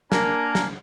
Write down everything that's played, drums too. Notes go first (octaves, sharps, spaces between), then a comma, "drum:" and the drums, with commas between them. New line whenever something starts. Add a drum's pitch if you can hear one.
A#3 D4 A#4 G#5 A#5, drum: snare
drum: snare